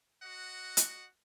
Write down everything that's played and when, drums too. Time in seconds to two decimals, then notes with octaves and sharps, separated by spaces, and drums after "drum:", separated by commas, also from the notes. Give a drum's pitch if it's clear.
0.22 F#4 D#5 F#5
0.77 drum: hi-hat